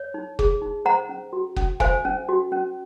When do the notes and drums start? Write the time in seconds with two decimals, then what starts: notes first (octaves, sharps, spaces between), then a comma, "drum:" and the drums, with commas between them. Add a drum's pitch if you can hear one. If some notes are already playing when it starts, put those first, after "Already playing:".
Already playing: C#5
0.14 D#4
0.39 G#4, drum: kick
0.62 D#4
0.85 C5 F#5 A#5
1.09 C#4
1.33 F#4
1.56 C#4, drum: kick
1.80 C5 F5 G#5, drum: kick
2.05 C#4
2.29 F#4
2.52 C#4